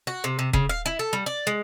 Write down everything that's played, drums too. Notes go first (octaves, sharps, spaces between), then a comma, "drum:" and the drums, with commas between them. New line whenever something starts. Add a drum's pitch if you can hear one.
F#4
C3
C3
C#3, drum: kick E1
F5
E4
A4
G3
D5
G#3